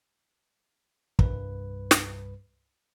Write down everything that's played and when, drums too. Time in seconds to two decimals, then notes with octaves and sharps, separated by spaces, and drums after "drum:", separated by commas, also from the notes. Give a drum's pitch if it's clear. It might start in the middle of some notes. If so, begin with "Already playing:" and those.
1.19 C2 G2 B4, drum: kick
1.91 drum: snare